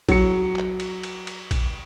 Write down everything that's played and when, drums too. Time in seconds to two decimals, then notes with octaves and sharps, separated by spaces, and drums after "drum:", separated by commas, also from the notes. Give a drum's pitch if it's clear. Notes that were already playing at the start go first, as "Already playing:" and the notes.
0.09 F#3 C#7, drum: kick A#1, cymbal
0.56 drum: clap
0.80 drum: cymbal
1.03 drum: cymbal
1.27 drum: cymbal
1.51 drum: kick A#1, cymbal